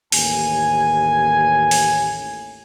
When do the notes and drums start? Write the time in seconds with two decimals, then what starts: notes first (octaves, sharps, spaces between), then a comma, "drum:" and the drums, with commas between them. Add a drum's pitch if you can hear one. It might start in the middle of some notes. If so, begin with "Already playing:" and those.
0.12 A1 D#2 G#5, drum: open hi-hat
1.71 drum: open hi-hat